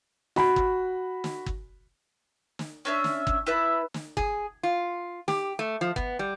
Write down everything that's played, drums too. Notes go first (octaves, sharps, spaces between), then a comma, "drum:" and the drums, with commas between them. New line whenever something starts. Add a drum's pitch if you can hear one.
F#4 B5, drum: snare
drum: kick
drum: snare
drum: kick
drum: snare
C#4 D4 E5
drum: snare
drum: kick
E4 B4 E5 A5
drum: snare
G#4, drum: kick
F4
G4, drum: snare
A3
F3
B3, drum: kick
G3